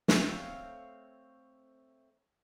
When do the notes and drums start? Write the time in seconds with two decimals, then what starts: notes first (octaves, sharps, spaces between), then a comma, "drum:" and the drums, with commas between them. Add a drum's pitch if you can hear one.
0.08 A3 C4 C#5 F5, drum: snare